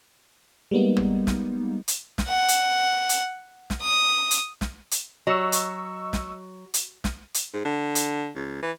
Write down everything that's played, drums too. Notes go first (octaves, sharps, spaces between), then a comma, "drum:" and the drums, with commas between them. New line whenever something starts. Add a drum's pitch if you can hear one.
G3 G#3 A#3 B3 D#4
drum: tom G#1
drum: snare
drum: hi-hat
drum: snare
F#5
drum: hi-hat
drum: hi-hat
drum: snare
D#6
drum: hi-hat
drum: snare
drum: hi-hat
F#3 D#5 C#6 E6
drum: hi-hat
drum: snare
drum: hi-hat
drum: snare
drum: hi-hat
G#2
D3
drum: hi-hat
C#2
E3